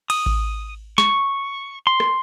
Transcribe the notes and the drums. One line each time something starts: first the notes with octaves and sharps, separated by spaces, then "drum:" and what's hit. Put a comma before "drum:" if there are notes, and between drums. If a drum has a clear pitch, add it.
D#6, drum: cymbal
drum: kick A1
C#6, drum: snare
C6
drum: rim click